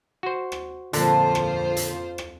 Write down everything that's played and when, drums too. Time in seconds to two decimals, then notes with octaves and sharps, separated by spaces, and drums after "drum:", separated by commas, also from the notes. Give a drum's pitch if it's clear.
0.23 F#4 C5
0.52 drum: rim click
0.93 F2 A#2 D3 D4 F4 C5, drum: hi-hat
1.35 drum: rim click
1.77 drum: hi-hat
2.18 drum: rim click